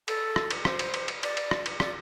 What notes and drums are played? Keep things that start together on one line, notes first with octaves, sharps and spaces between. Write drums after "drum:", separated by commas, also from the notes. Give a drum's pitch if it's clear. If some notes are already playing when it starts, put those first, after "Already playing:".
A4, drum: cymbal
drum: rim click
drum: cymbal
C5, drum: rim click
drum: cymbal
drum: cymbal
drum: cymbal
D5, drum: cymbal
drum: cymbal
drum: rim click
drum: cymbal
D5, drum: rim click